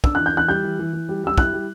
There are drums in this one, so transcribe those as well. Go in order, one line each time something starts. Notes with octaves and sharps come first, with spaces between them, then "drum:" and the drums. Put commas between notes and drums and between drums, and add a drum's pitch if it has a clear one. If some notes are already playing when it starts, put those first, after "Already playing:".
D4 E6, drum: kick
E3 F#6
G6
E3 F#6
G3 G6
E3
E3
E3
G3
G3 E6
E4 F#6, drum: kick
G3